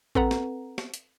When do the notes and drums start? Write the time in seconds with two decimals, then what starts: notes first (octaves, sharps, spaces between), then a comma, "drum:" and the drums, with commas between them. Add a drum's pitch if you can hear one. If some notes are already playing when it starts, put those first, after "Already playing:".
0.15 C4 A4 B4 F#5 A#5, drum: kick A1
0.31 drum: snare
0.78 drum: snare
0.94 drum: hi-hat